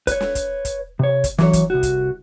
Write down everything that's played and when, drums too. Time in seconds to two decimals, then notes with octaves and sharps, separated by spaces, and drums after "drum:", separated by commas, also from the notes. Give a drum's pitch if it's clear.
0.07 B4 C#5, drum: kick, hi-hat
0.20 drum: snare
0.35 drum: kick, hi-hat
0.65 drum: kick, hi-hat
0.99 C3 C#5
1.24 drum: kick, hi-hat
1.38 E3 F#3 C#5, drum: snare
1.53 drum: kick, hi-hat
1.70 C2 F#4
1.83 drum: kick, hi-hat